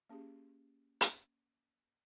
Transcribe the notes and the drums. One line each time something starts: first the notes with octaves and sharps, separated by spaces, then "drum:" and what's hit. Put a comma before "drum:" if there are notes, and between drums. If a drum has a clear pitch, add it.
A#3 C#4 G4 G#4
drum: hi-hat